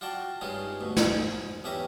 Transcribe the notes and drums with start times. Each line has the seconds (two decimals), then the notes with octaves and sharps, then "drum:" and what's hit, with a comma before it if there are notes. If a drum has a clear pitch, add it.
0.01 F4 F#4 D5 G5 A5
0.41 G2 G#3 C#4 D#4 F4
0.81 D2 B2
0.97 G#2, drum: snare
1.64 E2 C#4 G4 E5 A#5